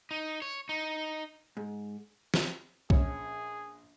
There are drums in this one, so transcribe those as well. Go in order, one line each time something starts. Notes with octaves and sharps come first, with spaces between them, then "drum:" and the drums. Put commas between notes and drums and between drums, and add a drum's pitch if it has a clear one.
D#4
C#5
D#4
G#2
drum: snare
A#1 C#4 G#4 C#5, drum: kick B1